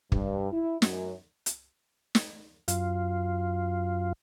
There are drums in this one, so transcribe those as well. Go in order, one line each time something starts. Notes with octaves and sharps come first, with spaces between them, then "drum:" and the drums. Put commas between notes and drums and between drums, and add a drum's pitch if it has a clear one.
G2, drum: kick
E4
F#2, drum: snare
drum: hi-hat
drum: snare
F#2 F4, drum: hi-hat